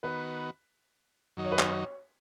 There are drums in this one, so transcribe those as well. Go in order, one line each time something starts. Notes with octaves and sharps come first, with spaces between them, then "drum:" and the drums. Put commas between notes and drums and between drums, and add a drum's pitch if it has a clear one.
D#3 B3 F#4 B4
F#2 D#3 F#3 D#4
C#5
B4
C#5, drum: clap